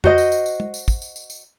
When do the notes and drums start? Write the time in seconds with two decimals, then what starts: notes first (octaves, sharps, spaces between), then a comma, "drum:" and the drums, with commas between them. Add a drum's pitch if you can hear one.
0.04 F#4 C5 D#5, drum: tom F2
0.18 drum: tambourine
0.32 drum: tambourine
0.46 drum: tambourine
0.60 drum: tom
0.74 drum: tambourine
0.88 drum: kick, tambourine
1.02 drum: tambourine
1.16 drum: tambourine
1.30 drum: tambourine